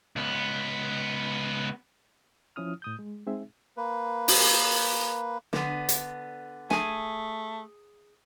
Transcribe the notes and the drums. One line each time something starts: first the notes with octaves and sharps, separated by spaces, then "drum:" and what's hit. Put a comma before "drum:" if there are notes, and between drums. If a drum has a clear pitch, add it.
C#2 B3
F3 C#4 E4 D#6 F6
A2 D#6 G6
G#3
G#3 C4 D#4 G#4 E5
A#3 B4
drum: open hi-hat
D3 B3, drum: snare
drum: hi-hat
A3 G#4 G#5, drum: snare